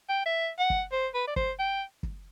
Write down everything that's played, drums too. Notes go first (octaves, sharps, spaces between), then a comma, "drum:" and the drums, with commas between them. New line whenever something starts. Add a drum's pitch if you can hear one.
G5
E5
F#5
drum: kick
C5
B4
D5
C5, drum: kick
G5
drum: kick